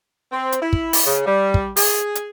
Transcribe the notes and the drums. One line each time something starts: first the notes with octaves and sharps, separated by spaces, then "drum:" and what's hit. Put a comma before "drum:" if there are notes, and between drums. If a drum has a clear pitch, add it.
C4
drum: hi-hat
E4
drum: kick
drum: open hi-hat
C#3
G3
drum: kick
G#4, drum: open hi-hat
drum: hi-hat